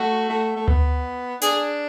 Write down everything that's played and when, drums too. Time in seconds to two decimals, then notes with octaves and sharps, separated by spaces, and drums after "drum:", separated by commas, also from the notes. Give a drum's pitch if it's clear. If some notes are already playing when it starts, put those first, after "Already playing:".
Already playing: A3 F#4
0.29 A3
0.56 A3
0.68 B3, drum: tom D2
1.42 D4 G#4, drum: hi-hat